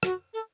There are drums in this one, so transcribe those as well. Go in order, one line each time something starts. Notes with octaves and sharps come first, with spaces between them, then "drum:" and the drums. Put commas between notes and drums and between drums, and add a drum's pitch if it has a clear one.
F#4, drum: rim click
A4